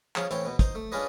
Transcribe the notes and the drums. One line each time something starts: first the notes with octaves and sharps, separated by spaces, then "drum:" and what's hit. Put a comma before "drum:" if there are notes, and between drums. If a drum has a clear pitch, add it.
F3 C#4 F4 G#4, drum: clap
A1 E3 C4 C5 C#5, drum: hi-hat
B2 B3
D#4 C5, drum: kick, hi-hat
A3
C#4 D4 F4 G#4 B4 D#5